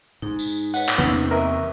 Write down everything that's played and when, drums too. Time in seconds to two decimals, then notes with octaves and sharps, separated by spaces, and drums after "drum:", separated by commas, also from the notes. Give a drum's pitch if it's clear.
0.22 G#2 D#4
0.39 drum: tambourine
0.74 B4 C#5 D#5 F#5, drum: tambourine
0.88 drum: clap
0.98 E2 C3 A#3 B3 C#4 D#4
1.31 A#4 B4 D#5 E5 G5 C#6